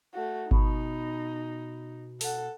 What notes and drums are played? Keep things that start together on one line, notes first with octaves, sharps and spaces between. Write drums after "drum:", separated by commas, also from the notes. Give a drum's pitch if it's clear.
A3 F#4
B2 D#4, drum: kick G1
A4 F#5, drum: open hi-hat